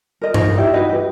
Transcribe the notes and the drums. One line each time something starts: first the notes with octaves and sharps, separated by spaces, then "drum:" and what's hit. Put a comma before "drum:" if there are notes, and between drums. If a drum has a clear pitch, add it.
A#4 D#5
D#4 F4 A#4 C5, drum: tom G2
D#4 E4 G4 G5
D#4 F#4 B4 D#5
G4 B4